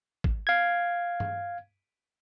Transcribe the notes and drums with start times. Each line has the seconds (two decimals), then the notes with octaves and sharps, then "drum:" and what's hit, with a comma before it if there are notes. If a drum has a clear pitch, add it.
0.24 drum: kick
0.47 F5 G#6
1.20 drum: tom G2